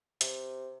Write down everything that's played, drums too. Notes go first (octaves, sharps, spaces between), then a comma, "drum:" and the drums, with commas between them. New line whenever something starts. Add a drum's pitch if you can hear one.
C3, drum: hi-hat